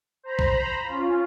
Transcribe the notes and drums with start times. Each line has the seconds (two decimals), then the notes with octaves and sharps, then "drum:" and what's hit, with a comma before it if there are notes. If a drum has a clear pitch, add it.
0.23 C5 A#5 B5
0.39 drum: kick B1
0.83 C#4 F4